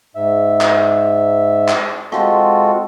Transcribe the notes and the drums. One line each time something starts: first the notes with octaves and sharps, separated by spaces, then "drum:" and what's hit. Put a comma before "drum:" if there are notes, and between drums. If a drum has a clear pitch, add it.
G#2 E5
drum: clap
drum: clap
G#3 C4 F4 F#4 A4, drum: rim click